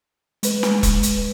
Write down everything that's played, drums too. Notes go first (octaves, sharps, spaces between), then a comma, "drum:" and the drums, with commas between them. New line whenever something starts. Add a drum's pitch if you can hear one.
G#3 B4, drum: hi-hat
drum: snare
drum: kick E1, hi-hat
drum: hi-hat